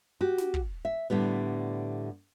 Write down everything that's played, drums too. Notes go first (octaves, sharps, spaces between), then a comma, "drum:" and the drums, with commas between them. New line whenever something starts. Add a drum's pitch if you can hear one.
F#4 G4
drum: snare
drum: kick
E5
A2 D3 G3 B3